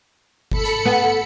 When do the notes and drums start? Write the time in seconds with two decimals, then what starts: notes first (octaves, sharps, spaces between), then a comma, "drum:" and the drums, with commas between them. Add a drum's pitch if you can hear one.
0.52 A4 B5 C#7, drum: kick G1
0.65 drum: hi-hat
0.85 B3